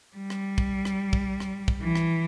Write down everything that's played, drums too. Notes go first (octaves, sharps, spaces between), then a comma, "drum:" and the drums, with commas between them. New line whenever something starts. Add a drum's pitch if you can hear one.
G3
drum: rim click
drum: kick
drum: rim click
drum: kick
drum: rim click
drum: kick
E3
drum: rim click